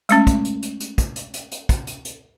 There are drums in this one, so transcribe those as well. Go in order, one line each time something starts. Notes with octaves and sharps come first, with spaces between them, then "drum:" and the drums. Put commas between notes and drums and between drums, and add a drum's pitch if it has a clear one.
G#3 A3 C#4, drum: hi-hat
drum: kick, hi-hat
drum: hi-hat
drum: hi-hat
drum: hi-hat
drum: kick, hi-hat
drum: hi-hat
drum: hi-hat
drum: hi-hat
drum: kick, hi-hat
drum: hi-hat
drum: hi-hat